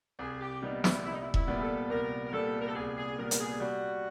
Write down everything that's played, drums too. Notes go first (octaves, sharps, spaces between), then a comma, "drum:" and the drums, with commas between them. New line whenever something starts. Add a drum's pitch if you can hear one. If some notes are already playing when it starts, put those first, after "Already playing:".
C2 G#4
G4
A#2 G3 B3 D#4
E4, drum: snare
C2 E4
D#4
E4
E4, drum: kick E1
A#2 G3 B3
G#4
A4
C2 A#4
A#4
A#2 G3 B3 A4
A#4
A4
C2 G#4
G#4
A#2 G3 B3 A#4
drum: hi-hat
G#4
G3 F#4